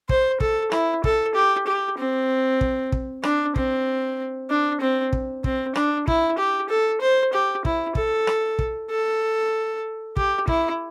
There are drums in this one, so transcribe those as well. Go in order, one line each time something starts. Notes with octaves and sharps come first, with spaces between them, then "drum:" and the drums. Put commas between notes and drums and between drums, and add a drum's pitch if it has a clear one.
C5, drum: kick
A4, drum: kick
E4, drum: rim click
A4, drum: kick
G4
G4
C4
drum: kick
drum: kick
D4, drum: rim click
C4, drum: kick
D4
C4
drum: kick
C4, drum: kick
D4, drum: rim click
E4, drum: kick
G4
A4
C5
G4
E4, drum: kick
A4, drum: kick
drum: rim click
drum: kick
A4
G4, drum: kick
E4, drum: kick